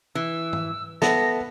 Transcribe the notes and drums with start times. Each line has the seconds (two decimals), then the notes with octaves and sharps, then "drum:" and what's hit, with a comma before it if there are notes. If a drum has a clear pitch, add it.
0.15 E3 E6
0.53 drum: tom
1.02 B3 A4 E5 A5 A#6, drum: snare